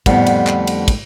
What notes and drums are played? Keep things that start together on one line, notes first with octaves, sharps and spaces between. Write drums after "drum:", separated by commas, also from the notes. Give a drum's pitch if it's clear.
F2 A2 D3 G3 B3, drum: kick, cymbal
drum: cymbal
drum: clap
drum: cymbal
drum: kick, cymbal